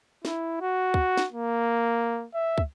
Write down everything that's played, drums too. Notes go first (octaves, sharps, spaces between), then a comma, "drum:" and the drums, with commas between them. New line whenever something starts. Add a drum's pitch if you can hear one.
E4, drum: snare
F#4
drum: kick
drum: snare
A#3
E5
drum: kick